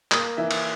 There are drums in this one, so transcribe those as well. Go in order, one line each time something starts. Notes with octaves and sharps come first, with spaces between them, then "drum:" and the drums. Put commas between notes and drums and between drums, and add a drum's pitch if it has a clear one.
A#3 D#6, drum: clap
E3 E5
drum: cymbal